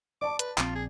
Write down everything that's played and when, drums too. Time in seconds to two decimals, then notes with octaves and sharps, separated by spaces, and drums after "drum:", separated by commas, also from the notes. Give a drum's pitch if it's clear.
0.22 D5 A5 D6
0.39 B4, drum: hi-hat
0.58 A#1 C4 F4, drum: clap
0.75 G#4